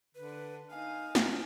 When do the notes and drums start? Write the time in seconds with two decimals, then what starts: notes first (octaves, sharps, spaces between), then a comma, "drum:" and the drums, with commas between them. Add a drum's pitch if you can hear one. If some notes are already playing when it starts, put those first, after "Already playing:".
0.15 D3 B4
0.70 D#4 F5 G#5
1.15 drum: snare